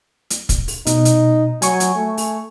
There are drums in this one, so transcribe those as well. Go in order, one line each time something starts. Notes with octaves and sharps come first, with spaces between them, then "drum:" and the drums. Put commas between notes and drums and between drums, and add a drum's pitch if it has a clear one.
drum: hi-hat
drum: kick, hi-hat
drum: open hi-hat
B2 D#4, drum: hi-hat
drum: hi-hat
F#3 G#5 C#6, drum: hi-hat
drum: hi-hat
A3
drum: open hi-hat